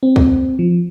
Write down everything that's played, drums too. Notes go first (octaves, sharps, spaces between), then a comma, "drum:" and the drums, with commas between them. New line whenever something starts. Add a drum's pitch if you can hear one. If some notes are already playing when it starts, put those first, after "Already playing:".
C4
drum: kick
F3